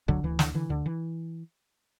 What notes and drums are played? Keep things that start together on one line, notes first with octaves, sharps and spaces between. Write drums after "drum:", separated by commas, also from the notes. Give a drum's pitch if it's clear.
D2 D3 F#3, drum: kick
D2 E3
D3, drum: snare
D3 E3
D2 D3
E3